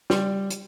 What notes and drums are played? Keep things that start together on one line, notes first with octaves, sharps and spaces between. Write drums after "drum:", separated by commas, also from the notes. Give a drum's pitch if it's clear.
G3, drum: snare
drum: hi-hat